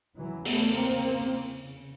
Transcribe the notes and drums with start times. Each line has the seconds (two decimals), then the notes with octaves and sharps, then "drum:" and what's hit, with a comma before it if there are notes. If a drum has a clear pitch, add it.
0.17 E2 C#3 E3 F#3
0.45 A3 B3, drum: open hi-hat
0.74 A#3 C4